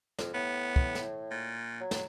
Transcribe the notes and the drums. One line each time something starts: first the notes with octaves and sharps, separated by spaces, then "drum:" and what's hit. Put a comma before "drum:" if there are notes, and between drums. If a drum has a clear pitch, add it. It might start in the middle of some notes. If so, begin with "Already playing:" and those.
F2, drum: snare
A2 B3
drum: kick
drum: snare
A#2
F#3
drum: snare